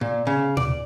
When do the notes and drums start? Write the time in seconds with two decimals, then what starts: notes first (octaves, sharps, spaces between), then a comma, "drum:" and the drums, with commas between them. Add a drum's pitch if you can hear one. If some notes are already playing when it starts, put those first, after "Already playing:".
0.01 A#2
0.27 C#3
0.57 D5, drum: tom A#2